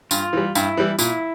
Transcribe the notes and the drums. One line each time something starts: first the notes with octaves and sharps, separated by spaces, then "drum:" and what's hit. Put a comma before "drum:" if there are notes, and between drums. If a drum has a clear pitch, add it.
G2 F4, drum: tambourine
E3 G3
G2 E4, drum: tambourine
E3 G3
A#2 E4, drum: tambourine